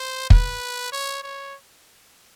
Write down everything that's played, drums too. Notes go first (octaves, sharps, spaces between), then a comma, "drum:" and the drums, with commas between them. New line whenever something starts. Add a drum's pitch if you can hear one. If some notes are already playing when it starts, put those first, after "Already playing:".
Already playing: C5
B4, drum: kick
C#5
C#5